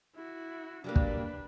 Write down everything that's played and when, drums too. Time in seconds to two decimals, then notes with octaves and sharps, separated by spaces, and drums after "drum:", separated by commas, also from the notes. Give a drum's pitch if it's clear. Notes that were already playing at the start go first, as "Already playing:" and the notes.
0.16 E4 F#4
0.84 F#3 G3 A#3 D4 B4
0.96 drum: kick